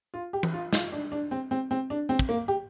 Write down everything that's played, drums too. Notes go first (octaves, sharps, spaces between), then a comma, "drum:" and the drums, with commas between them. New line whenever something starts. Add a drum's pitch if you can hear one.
F4
G4
drum: tom E3
F4
F4, drum: snare
D4
D4
C4
C4
C4
D4
C4
drum: kick
A#3
G4